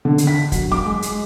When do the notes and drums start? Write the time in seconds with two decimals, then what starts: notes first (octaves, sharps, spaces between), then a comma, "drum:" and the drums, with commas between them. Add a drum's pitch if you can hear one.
0.05 D3
0.18 drum: hi-hat
0.27 B6
0.52 F#3, drum: kick, hi-hat
0.72 D6, drum: snare
0.85 G#3
1.02 drum: hi-hat